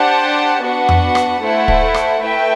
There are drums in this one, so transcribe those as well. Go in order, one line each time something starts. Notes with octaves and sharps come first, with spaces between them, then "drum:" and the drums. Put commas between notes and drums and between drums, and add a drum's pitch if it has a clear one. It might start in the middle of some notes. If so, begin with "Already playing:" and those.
Already playing: D4 G4 C5 F#5 A5
B3 D4 F#4 B4 F#5
drum: tom F2
drum: rim click
A3 E4 A4 C5 F#5
drum: kick
drum: rim click
A3 E4 B4 E5 G5